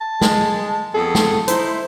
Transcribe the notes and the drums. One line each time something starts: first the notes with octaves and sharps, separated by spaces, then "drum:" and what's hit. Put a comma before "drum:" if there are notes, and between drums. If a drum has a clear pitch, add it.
A5
G#3, drum: snare
F2 B3 G#4 A4
drum: snare
D#4 E4 C5, drum: hi-hat